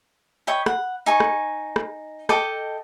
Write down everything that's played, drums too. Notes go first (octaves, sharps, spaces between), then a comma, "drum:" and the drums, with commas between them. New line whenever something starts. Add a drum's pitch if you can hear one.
C#5 D#5 G5 B5
F#5, drum: rim click
D#4 G#5 C#6
drum: rim click
drum: rim click
A4 D#5 G5 D6, drum: rim click